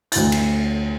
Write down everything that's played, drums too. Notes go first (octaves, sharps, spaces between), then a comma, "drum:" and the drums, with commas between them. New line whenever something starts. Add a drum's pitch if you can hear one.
D2 A6, drum: hi-hat
drum: cymbal